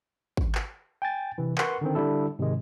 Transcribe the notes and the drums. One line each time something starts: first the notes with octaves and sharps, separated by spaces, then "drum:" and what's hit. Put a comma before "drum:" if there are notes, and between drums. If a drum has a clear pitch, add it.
drum: kick
drum: clap
G5 G#5 A6
C3 E3
A#4 B4 F#5 C6 C#6, drum: clap
D3 D#3 C4
D3 G3 E4 A4
G#2 C3 D#3 G#3